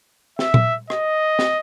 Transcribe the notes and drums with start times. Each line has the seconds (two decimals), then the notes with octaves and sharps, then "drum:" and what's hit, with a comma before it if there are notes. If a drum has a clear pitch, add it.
0.39 E5, drum: snare
0.54 drum: tom A#2
0.90 D#5, drum: rim click
1.39 drum: snare